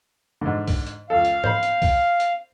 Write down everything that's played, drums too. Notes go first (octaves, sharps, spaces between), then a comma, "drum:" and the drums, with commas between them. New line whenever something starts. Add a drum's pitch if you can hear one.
G#2 D3
drum: kick, open hi-hat
drum: hi-hat
C#2 A4 F5
drum: hi-hat
C5 B5, drum: tom
drum: hi-hat
drum: kick, open hi-hat
drum: hi-hat